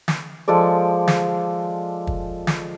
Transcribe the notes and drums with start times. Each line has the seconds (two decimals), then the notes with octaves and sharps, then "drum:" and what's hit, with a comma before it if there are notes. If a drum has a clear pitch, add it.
0.08 drum: snare
0.48 F3 G#3 A4 D5
1.08 drum: snare
2.07 drum: kick
2.47 drum: snare